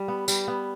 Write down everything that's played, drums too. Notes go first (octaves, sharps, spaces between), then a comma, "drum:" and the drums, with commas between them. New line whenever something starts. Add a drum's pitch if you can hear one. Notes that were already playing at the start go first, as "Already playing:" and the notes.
Already playing: G3
B3
G3, drum: tambourine
B3